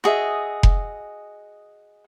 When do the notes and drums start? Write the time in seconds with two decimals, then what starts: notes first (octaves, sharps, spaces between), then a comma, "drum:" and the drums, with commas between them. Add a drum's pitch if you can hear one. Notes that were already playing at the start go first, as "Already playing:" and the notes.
0.04 F#4 G#4 D#5 E5
0.63 drum: kick F1